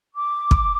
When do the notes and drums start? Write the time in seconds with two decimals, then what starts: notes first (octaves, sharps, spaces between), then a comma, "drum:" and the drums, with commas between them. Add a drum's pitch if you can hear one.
0.14 D6
0.51 drum: kick